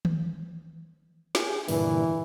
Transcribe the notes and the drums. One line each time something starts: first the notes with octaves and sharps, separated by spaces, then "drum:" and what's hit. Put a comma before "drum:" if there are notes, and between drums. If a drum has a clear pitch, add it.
drum: tom D#3
G4 G#4, drum: snare
G2 A#2 D3 E3, drum: open hi-hat